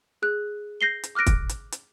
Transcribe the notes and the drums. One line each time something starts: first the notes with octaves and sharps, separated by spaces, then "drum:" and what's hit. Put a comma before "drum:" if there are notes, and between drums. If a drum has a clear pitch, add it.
G#4 F#6
G6 A#6 C7 G7
drum: hi-hat
D6 F6 F#6 A#6 D7
drum: kick, hi-hat
drum: hi-hat
drum: hi-hat